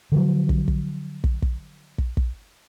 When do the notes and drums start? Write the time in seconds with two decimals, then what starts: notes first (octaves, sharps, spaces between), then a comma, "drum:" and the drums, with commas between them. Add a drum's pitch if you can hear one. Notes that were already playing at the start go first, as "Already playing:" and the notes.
0.12 D3 F3 F#3
0.49 drum: kick
0.68 drum: kick
1.24 drum: kick
1.42 drum: kick
1.98 drum: kick
2.17 drum: kick